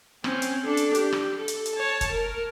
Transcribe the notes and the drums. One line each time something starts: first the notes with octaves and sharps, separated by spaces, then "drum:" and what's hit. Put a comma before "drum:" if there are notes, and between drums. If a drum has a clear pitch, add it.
C4 C#4, drum: rim click
drum: hi-hat
D4 A4
drum: hi-hat
G4, drum: hi-hat
drum: rim click
A4
drum: hi-hat
drum: hi-hat
C#5 A5
drum: kick, hi-hat
A#4